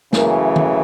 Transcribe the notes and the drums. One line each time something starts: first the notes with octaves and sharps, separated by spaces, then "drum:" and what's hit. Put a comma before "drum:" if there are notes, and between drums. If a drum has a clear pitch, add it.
F#2 C#3 E3 A3 A#3, drum: snare
drum: tom D#3